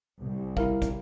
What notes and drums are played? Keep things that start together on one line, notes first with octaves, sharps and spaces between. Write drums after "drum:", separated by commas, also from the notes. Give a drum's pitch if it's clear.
C2
E4 A#4 F5, drum: kick
drum: kick, hi-hat